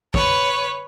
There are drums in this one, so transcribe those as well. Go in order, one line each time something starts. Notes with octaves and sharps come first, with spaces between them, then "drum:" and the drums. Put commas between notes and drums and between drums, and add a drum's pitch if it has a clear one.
B4 C#5, drum: kick